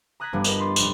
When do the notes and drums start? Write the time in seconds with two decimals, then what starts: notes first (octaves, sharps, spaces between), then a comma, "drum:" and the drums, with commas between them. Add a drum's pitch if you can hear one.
0.20 A#5 D#6 F#6 G#6 A#6 B6
0.33 G1 G2 G3 B3
0.44 B3 G4 A#4 D#5, drum: tambourine
0.59 B5 C6 A6
0.76 F1 D4, drum: tambourine